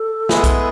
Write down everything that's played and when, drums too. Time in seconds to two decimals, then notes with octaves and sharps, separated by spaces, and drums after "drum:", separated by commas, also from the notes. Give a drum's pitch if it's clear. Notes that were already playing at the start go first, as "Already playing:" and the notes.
Already playing: A4
0.29 G#3 B3 E4 G#4, drum: snare
0.44 drum: kick B1, hi-hat